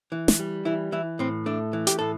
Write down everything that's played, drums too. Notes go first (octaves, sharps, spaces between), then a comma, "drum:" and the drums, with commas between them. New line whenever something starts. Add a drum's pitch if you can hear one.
E3
drum: snare
G3
E3 E4
E3 E4
A2 C4
A3 D4
E3
G4, drum: hi-hat
A2 A4